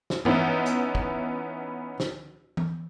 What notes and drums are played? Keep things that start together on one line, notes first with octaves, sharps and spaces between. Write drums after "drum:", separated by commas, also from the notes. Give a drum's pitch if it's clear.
drum: snare
E3 B3 C#4 D#4 E4, drum: tom G2
drum: hi-hat
drum: kick
drum: snare
drum: tom